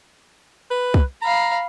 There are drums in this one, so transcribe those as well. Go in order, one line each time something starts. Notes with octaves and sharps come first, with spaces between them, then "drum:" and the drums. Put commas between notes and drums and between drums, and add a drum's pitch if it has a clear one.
B4
drum: kick
F5 A#5 B5